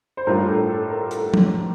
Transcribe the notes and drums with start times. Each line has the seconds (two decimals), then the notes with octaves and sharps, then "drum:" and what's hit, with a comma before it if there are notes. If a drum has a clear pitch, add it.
0.17 C5
0.27 A2 G3 D4 F4 A#4
0.48 A4
0.69 A4
0.90 A#4
1.11 A4, drum: hi-hat
1.34 drum: tom F3